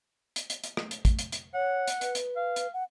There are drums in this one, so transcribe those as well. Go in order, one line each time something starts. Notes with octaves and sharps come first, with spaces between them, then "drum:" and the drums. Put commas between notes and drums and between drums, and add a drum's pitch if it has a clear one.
drum: hi-hat
drum: hi-hat
drum: hi-hat
drum: rim click
drum: hi-hat
drum: kick, hi-hat
drum: hi-hat
drum: hi-hat
C#5 F#5
drum: hi-hat
B4, drum: hi-hat
drum: hi-hat
F5
drum: hi-hat
F#5